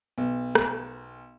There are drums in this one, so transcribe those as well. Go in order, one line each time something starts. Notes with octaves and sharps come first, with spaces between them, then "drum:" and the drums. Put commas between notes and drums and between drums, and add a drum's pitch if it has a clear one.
B1
drum: rim click